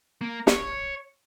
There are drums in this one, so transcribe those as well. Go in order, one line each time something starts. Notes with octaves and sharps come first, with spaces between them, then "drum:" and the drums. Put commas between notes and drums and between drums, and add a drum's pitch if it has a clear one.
A#3
C#5, drum: snare